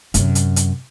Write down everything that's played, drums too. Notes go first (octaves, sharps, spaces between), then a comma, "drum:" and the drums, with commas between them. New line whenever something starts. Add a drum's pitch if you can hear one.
F#2 C3, drum: hi-hat
drum: hi-hat
drum: hi-hat